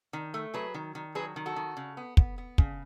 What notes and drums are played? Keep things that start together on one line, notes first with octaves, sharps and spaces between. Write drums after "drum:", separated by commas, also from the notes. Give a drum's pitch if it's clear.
D#3
A3
F#3 G#4 B4
D#3
D#3
F#3 G#4 B4
D#3
F#4 A4
D#3
C#3
B3
B3, drum: kick
B3
C#3, drum: kick